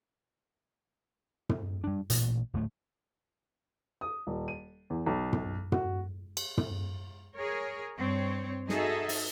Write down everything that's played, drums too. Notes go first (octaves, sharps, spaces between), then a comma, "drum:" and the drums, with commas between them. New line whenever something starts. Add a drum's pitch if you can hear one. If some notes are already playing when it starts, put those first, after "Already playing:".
drum: tom
G3 D4
A1 A#2, drum: hi-hat
D1 A2 A3
D#6
D#1
D#7
E2
B1
drum: tom
F#4, drum: tom
drum: cymbal
drum: tom
G#4 A#4 C#5
G2 C4 C#5
D#4 F#4 G#4 A4 D#5 E5, drum: snare
drum: open hi-hat